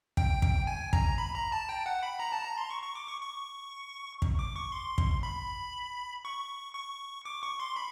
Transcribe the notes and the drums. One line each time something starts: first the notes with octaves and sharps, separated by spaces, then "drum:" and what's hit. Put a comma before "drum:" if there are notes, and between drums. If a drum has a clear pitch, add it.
G5, drum: kick
drum: kick
G#5
A#5, drum: kick
B5
A#5
A5
G5
F#5
B5
A#5
A5
A#5
C6
C#6
C#6
D6
C#6
C#6
drum: kick
D6
C#6
C6
drum: kick
B5
C#6
C#6
D6
C#6
C6
B5